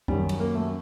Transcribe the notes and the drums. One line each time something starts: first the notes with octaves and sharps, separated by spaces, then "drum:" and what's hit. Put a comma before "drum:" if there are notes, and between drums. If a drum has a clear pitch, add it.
F#2 D#3 F#3 G3, drum: kick
drum: cymbal
A#3
A3